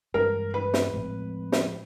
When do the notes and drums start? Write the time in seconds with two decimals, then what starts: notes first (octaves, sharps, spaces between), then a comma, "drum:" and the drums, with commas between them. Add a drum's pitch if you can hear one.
0.14 G2 E3 G#3 A#4
0.54 B4
0.74 drum: snare
0.93 A2 F3 G#3 C4
1.52 drum: snare